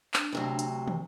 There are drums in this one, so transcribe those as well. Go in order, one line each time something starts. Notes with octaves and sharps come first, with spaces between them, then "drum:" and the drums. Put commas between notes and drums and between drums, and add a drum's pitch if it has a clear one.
D4, drum: clap
D2 C3 F#3
drum: hi-hat
F3, drum: tom